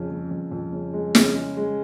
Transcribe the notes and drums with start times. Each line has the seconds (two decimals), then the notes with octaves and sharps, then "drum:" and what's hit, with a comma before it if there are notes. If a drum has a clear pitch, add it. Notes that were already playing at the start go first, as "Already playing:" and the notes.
Already playing: F2 C#3
0.10 C#3
0.31 F2
0.51 F2
0.73 C#3
0.94 G#3
1.15 C#3, drum: snare
1.35 G#3
1.57 G#3